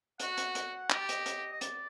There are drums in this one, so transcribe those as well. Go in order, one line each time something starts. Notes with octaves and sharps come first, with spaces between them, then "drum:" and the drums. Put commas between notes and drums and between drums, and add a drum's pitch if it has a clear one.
F#4 F#5, drum: hi-hat
drum: hi-hat
drum: hi-hat
G4 D#5, drum: clap
D5
D#5, drum: hi-hat
drum: hi-hat
D#5
D5, drum: hi-hat